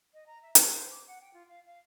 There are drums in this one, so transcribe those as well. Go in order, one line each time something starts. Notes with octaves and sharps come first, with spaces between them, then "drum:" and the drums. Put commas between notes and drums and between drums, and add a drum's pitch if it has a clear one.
D#5
A#5
E5
G#4, drum: hi-hat
C5
D6
F#5
G5
F4
F5
F5